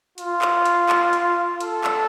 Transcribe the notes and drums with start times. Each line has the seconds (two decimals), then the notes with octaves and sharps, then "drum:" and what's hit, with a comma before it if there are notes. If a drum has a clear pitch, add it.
0.18 F4, drum: hi-hat
0.42 drum: clap
0.65 drum: hi-hat
0.89 drum: clap
1.13 drum: hi-hat
1.60 A4, drum: hi-hat
1.84 drum: clap